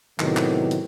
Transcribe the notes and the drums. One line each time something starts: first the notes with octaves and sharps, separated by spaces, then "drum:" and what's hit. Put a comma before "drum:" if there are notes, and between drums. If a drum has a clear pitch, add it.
A2 C3 D#3 F#3 B3, drum: clap
drum: clap
drum: hi-hat